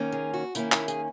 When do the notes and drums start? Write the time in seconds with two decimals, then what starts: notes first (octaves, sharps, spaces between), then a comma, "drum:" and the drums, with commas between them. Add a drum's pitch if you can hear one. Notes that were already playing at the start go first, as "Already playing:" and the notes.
Already playing: D#3 A#3 C#4
0.12 G#4
0.33 F#4
0.55 D#3 A#3 C#4 E4, drum: tambourine
0.72 E4, drum: clap
0.88 G#4, drum: tambourine